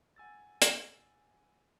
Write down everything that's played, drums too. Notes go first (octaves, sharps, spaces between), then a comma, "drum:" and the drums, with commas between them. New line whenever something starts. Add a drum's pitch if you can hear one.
F#5 G#5 E6 A6
drum: hi-hat